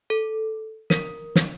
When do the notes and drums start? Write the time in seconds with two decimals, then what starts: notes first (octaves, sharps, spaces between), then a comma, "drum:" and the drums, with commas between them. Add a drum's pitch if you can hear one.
0.10 A4
0.90 A#4, drum: snare
1.36 drum: snare